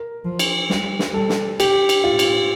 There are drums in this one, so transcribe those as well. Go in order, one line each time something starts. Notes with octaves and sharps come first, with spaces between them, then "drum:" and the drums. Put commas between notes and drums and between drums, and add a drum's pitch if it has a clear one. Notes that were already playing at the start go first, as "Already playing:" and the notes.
Already playing: A#4
F3
drum: cymbal
G3, drum: snare
drum: snare
G3 A4
drum: snare
G4, drum: cymbal
drum: cymbal
A2 F4
drum: cymbal